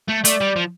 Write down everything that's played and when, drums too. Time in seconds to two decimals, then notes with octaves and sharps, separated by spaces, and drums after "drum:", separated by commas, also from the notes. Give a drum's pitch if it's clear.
0.09 A3
0.25 A3 D5, drum: hi-hat
0.41 G3
0.56 F3